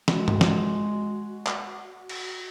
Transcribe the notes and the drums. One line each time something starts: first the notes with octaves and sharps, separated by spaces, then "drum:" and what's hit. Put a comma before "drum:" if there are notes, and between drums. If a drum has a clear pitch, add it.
G#3 F#4, drum: snare
drum: tom G2
drum: snare
drum: clap
drum: cymbal